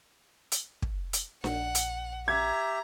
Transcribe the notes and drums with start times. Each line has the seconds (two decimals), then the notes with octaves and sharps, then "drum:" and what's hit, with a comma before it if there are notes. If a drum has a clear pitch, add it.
0.52 drum: hi-hat
0.82 drum: kick
1.13 drum: hi-hat
1.44 A#1 F#5, drum: snare D4
1.75 drum: hi-hat
2.28 G4 E5 A#5 G#6